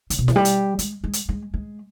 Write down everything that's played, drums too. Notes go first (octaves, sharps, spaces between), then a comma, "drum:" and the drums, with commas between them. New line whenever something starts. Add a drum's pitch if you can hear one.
C#3, drum: hi-hat
B2
E3, drum: snare E4
G3
drum: hi-hat
G#3, drum: hi-hat
G#3
drum: hi-hat
G#3
G#3